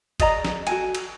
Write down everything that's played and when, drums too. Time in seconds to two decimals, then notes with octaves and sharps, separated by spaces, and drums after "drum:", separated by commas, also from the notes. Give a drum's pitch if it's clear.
0.20 G#4 D5 D#5 A#5, drum: kick G1, cymbal
0.45 drum: snare
0.67 F#4 A4 G#5, drum: cymbal
0.95 drum: cymbal